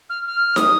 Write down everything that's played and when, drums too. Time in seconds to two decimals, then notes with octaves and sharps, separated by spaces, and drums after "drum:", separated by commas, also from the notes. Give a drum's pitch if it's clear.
0.09 F6
0.26 F6
0.56 D#6, drum: snare D#4